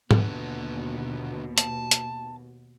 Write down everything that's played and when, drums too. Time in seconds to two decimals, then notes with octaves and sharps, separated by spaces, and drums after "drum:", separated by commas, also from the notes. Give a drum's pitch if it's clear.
0.11 D#2 B2 D3 B3, drum: tom G#2
1.58 A5, drum: hi-hat
1.91 drum: hi-hat